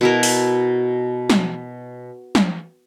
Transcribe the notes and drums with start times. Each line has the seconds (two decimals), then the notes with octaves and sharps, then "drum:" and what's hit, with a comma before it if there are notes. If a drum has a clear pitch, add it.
0.01 B2 E4 A#4
0.23 drum: open hi-hat
1.30 drum: snare
2.35 drum: snare